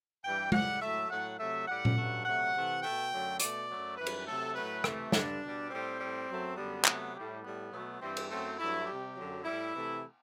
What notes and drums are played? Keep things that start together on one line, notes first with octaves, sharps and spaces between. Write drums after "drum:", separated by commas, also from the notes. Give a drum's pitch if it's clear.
G2 E3 G3 G5
A2 G3 F#5, drum: tom G#3
A2 F#3 A3 E5
A2 F#3 A3 F#5
C3 F#3 A3 E5
A2 G3 F#5
drum: tom A#2
G2 F#3 A3
C3 F#3 A3 F#5
C3 E3 A3
B2 A3 G5
F#2 D3 F#3 A3
B2 A3 D5, drum: hi-hat
F#2 F#3 A3
F#2 E3 G3 B4
drum: cymbal
C3 F#3 A3 A4
A2 F#3 A3 B4
C3 E3 A3, drum: rim click
G2 D3 G3 D4, drum: snare
B2 G3
A2 G3 C4
A2 G3
F#2 F#3 A3
F#2 D3 G3 B3
C3 F#3 A3, drum: clap
A2 G3
A2 G3 B3
B2 F#3 A3
G2 E3 G3 C4
drum: cymbal
F#2 F#3 A3 C4
G2 F#3 A3 E4
C3 G3 G4
F#2 D3 F#3
A2 G3 E4
C3 E3 A3